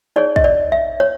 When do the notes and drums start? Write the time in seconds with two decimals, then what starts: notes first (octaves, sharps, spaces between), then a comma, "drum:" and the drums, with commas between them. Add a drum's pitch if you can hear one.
0.16 D#4 G#4 C#5 D5
0.36 D#5, drum: kick
0.44 D5
0.72 E5
1.00 C#5